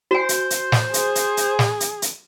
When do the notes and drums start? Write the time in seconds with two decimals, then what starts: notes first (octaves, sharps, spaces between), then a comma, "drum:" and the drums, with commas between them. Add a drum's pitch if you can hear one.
0.11 F#4 C5 G#5
0.29 drum: hi-hat
0.50 drum: hi-hat
0.72 drum: snare
0.94 G#4, drum: hi-hat
1.15 drum: hi-hat
1.37 drum: hi-hat
1.59 drum: snare
1.80 drum: hi-hat
2.02 drum: hi-hat